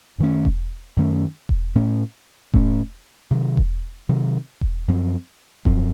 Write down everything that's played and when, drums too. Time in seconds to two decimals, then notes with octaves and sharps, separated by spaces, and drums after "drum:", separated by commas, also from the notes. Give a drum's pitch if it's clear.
0.18 F#2 D#3 A3 C#4
0.45 drum: kick E1
0.97 F#2 D#3 A3 C#4
1.49 drum: kick E1
1.75 A2 A3 C#4
2.54 A2 A3 C#4, drum: kick E1
3.31 C3 D#3 F#3
3.57 drum: kick E1
4.09 C3 D#3 F#3
4.61 drum: kick E1
4.88 F#2 F3 C4
5.65 F#2 F3 C4, drum: kick E1